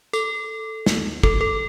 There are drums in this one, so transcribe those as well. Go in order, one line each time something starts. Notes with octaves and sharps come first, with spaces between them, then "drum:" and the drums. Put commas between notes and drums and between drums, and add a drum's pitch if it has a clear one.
A4, drum: tambourine
drum: snare
A4, drum: kick
A4